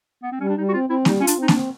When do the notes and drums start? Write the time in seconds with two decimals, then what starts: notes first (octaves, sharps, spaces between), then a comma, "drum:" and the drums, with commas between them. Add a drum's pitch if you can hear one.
0.23 B3
0.32 C4
0.40 G3 C#4
0.49 D4
0.58 G3 D#4
0.69 F#4
0.74 C4 F4
0.89 C4 E4
1.05 G3 D#4, drum: snare A#3
1.20 C#4 F4
1.27 D4, drum: hi-hat
1.38 C4 D#4
1.48 D4, drum: snare A#3
1.54 C4